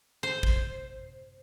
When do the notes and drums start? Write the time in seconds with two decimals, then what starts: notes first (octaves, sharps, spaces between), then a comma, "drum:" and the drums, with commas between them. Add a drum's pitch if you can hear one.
0.23 C5
0.43 drum: kick